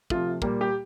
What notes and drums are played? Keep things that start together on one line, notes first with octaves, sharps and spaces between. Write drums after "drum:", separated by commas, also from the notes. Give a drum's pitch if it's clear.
C3 F3 A3 F4, drum: kick
A#2 G3 A#3, drum: kick
G4